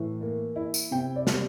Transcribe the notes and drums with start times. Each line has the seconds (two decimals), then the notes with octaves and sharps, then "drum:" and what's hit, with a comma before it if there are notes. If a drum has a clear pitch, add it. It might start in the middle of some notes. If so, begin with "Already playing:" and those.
Already playing: A2 E3
0.21 A#3
0.56 E4
0.74 drum: tambourine
0.91 C3 G5
1.16 D5
1.27 G3, drum: snare